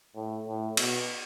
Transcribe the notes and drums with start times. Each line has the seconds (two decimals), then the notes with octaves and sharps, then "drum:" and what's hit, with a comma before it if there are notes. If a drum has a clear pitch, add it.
0.15 A2
0.46 A2
0.77 B2, drum: cymbal